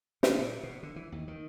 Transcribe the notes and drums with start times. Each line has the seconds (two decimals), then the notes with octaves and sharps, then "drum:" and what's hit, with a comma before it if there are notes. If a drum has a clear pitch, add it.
0.23 C#3, drum: snare
0.39 A#2
0.63 B2
0.83 D3
0.96 E3
1.12 D#2
1.28 D#3